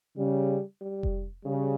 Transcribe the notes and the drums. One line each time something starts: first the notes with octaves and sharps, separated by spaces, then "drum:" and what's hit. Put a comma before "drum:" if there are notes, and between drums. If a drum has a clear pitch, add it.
C#3 G3
G3
drum: kick F1
C#3 G3